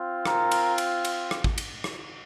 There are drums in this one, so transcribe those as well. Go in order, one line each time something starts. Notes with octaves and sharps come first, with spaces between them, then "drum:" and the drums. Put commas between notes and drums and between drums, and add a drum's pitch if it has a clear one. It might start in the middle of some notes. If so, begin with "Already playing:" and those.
Already playing: C4 F4
A#4, drum: rim click
drum: cymbal
drum: cymbal
drum: cymbal
drum: rim click
drum: kick
drum: cymbal
drum: rim click